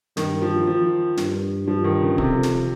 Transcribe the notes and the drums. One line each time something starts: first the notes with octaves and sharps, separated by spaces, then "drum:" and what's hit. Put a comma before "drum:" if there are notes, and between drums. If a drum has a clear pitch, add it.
G2 D#3, drum: snare
F3
F3
G2, drum: snare
G2 F3
D#3
C#3
F2 C3, drum: kick
drum: snare